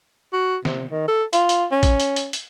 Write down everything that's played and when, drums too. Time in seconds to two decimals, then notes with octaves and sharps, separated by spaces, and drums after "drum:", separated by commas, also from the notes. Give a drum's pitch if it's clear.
0.33 F#4
0.65 C3, drum: snare
0.91 D#3
1.08 A4
1.33 F4, drum: hi-hat
1.49 drum: hi-hat
1.71 C#4
1.83 drum: kick, hi-hat
2.00 drum: hi-hat
2.16 drum: hi-hat
2.33 drum: hi-hat